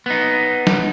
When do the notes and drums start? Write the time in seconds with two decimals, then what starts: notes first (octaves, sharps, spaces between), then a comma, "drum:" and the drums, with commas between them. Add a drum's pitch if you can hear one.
0.06 B3 D#4
0.67 drum: snare